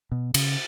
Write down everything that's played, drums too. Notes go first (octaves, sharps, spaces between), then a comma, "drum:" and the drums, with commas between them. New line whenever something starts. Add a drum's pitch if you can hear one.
B2
C#3, drum: cymbal